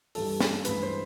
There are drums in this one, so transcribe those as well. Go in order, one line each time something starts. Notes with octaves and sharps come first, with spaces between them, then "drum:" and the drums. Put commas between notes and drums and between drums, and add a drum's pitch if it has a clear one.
G2 E3 G3 A4, drum: open hi-hat
drum: snare
G2 E3 G#3 B4, drum: hi-hat
C5